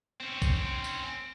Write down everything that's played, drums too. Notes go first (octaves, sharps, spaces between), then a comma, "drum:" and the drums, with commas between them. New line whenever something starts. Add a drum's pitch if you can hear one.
C4 C#4
drum: kick, tambourine
drum: tambourine